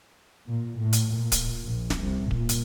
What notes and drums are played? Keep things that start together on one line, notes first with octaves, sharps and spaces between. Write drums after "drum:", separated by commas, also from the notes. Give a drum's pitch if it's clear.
A#2
A2
drum: hi-hat
A#2
drum: kick D1, hi-hat
A#1
drum: snare
C2
A#2, drum: kick D1
drum: hi-hat